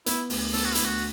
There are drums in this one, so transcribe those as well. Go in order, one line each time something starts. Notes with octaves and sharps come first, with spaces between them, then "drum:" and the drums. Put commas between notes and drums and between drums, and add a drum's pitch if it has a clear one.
B3 E4, drum: hi-hat
D2, drum: open hi-hat
B3 A4, drum: open hi-hat
F#4
D2 E4, drum: hi-hat
F#4